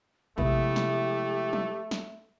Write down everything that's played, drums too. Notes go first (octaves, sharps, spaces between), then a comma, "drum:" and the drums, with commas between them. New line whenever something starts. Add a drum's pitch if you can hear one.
C3 F3 G#3 A3 B3 E4 G4, drum: kick A1
drum: snare
drum: tom
drum: snare